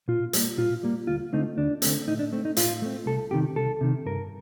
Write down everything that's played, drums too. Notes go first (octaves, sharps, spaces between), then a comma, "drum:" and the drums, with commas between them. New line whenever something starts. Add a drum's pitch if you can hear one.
A#2 F4
G3 A#3, drum: hi-hat
A#2 F4
G3 A#3
D2 F4
D3 A3 C4 D#4
D2 D4
D3 A3 C4, drum: hi-hat
A2 D#4
D4
A3 C4
D#4
A2 F4, drum: hi-hat
A3 C4
C2 A4
C3 D#3 G4
C2 A4
C3 D#3
G2 A#4